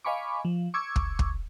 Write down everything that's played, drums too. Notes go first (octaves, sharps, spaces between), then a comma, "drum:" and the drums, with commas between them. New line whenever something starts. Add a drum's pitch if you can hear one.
D#5 F5 G#5 B5 C#6 D6
F3
C#6 D6 E6 G#6
drum: kick
drum: kick